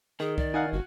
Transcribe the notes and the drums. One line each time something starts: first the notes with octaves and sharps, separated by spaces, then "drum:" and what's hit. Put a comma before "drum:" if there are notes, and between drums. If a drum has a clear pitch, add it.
D#3 G#4
D5, drum: kick C2
D#4 F5 F#5 G#5
G1 F#4